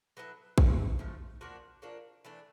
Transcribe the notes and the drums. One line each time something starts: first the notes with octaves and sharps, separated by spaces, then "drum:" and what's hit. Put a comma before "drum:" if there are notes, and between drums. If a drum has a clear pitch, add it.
F#3 B3 E4 A4
A2 F3 A3, drum: kick A#1
A2 F3 A3
F3 A#3 D4 F#4
F3 A#3 D4 F#4
E3 A3 D4